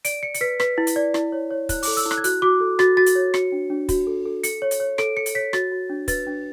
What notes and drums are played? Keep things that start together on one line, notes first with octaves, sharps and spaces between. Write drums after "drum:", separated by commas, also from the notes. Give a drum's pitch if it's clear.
D5 D7, drum: hi-hat
D5 C#7
C#7, drum: hi-hat
B4 B6
B4 B6, drum: rim click
E4
drum: hi-hat
D5
E4, drum: rim click
C#5
C#5
E4 F#6, drum: kick, hi-hat
A4 D6, drum: open hi-hat
E6, drum: hi-hat
E4
F#6, drum: rim click
G#6
F#4 F#6, drum: hi-hat
F#4 D6
A4
F#4 A6, drum: rim click
F#4 A6
drum: hi-hat
C#5
F#4 C#7, drum: rim click
D4
D4
F#4, drum: kick, hi-hat
A4
A4
A4 C#7, drum: hi-hat
C#5
drum: hi-hat
C#5
A4 D7, drum: rim click
A4 C#7
drum: hi-hat
C#5 B6
F#4 A6, drum: rim click
F#4
D4
B4 A6, drum: kick, hi-hat
D4